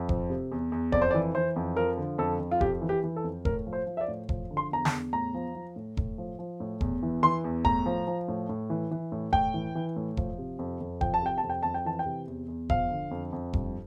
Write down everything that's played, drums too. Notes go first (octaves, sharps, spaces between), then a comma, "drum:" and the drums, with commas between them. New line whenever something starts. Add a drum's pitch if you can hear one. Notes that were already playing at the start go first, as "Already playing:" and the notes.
Already playing: F2
F3, drum: kick E1
C3
E2
E2
F2 D5, drum: kick E1
C5
D5
E3
E3 C5
F2
F3 A#4
D3
F2 A4
F2
F4
F2 G4, drum: kick E1
E3
G4
E3
A4
F2
A2 A#4, drum: kick E1
F3
C5
F3
E5
D5
A2
F3, drum: kick E1
D3
C6
E2 A#5
A5, drum: snare
E2
A2 A#5
F3
F3
A2
A2, drum: kick E1
F3
F3
A2
E2, drum: kick E1
E3
E3 C6
E2
A2 A#5, drum: kick E1
F3
F3
A2
A2
E3
E3
A2
A2 G5, drum: kick E1
E3
E3
A2
F3, drum: kick E1
C3
F2
F2
F3 G5, drum: kick E1
A5
C3 G5
A5
F2
G5
F2 A5
G5
E3 A5
G5
C3
E2
E2
F3 F5, drum: kick E1
D3
F2
F2
G2, drum: kick E1